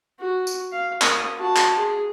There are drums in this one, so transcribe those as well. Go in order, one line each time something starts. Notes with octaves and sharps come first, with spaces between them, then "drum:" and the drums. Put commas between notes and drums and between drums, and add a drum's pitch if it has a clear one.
F#4
drum: tambourine
F5
A#3 D#6, drum: clap
F#4 A5
drum: clap
G#4